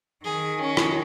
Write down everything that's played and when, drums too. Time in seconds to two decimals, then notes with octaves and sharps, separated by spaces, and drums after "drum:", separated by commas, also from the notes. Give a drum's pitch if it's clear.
0.25 D#3 G#4
0.61 C#4
0.77 drum: rim click